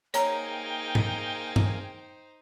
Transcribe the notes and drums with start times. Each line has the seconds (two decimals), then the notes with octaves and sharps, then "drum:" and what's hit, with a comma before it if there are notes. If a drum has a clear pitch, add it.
0.14 A#3 D#4 G#4 C5 C#5 G5 A#5, drum: hi-hat
0.95 drum: tom G#2
1.56 drum: tom G2